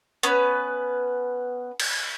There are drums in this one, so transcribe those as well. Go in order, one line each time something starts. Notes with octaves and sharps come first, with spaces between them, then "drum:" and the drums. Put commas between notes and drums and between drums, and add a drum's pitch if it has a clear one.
B3 C#4 B4, drum: hi-hat
drum: cymbal